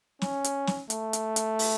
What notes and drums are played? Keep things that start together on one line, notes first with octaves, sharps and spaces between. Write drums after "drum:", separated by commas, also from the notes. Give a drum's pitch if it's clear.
C#4, drum: snare
drum: hi-hat
drum: snare
A3, drum: hi-hat
drum: hi-hat
drum: hi-hat
drum: open hi-hat